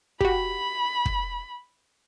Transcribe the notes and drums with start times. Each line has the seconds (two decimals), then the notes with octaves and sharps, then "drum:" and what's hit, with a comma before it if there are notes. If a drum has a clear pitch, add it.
0.21 F#4 G4 B5, drum: kick
1.06 drum: kick